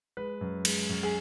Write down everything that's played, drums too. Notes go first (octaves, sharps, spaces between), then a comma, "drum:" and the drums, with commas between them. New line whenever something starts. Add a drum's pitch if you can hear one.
G#3 B4
F#2
G#3, drum: cymbal
F#2
G#4